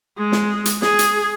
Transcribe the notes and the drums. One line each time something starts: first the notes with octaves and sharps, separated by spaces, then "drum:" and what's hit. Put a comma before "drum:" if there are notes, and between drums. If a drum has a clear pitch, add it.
G#3
drum: snare
drum: hi-hat
G#4, drum: snare
drum: hi-hat